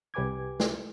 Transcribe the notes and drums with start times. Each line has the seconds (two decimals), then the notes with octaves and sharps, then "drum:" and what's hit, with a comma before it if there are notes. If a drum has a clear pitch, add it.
0.14 C2 G4 B4 G#5 D6 G#6
0.60 drum: snare